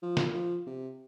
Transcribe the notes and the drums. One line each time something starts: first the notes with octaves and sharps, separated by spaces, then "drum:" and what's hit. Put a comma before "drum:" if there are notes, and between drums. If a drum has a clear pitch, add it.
F3
drum: snare
F3
C3